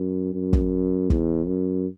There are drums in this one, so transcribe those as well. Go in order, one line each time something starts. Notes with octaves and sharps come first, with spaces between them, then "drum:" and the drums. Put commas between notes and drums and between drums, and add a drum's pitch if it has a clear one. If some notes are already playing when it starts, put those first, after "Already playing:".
Already playing: F#2
F#2
drum: kick
E2, drum: kick
F#2